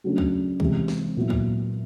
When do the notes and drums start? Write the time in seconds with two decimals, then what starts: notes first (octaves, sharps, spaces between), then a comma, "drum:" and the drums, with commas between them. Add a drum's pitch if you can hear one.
0.04 C#3 F#3 A3 D4
0.18 drum: kick C#2
0.60 C3 E3 G#3, drum: kick C#2
0.88 drum: snare
1.17 A#2 F#3 B3 E4
1.30 drum: kick C#2